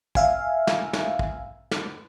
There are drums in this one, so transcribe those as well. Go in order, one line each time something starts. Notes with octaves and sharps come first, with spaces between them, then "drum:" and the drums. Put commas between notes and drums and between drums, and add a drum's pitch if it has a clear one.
E5 F5 G#5, drum: kick
drum: snare
drum: snare
drum: kick
drum: snare